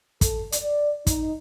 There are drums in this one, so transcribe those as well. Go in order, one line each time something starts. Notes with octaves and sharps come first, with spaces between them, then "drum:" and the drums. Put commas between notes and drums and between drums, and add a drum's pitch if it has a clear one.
A4, drum: kick, hi-hat
D5, drum: hi-hat
D#4, drum: kick, hi-hat